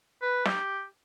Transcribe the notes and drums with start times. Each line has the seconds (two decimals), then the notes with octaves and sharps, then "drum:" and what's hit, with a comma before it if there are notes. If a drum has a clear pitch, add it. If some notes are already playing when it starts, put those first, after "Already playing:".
0.22 B4
0.45 G4, drum: snare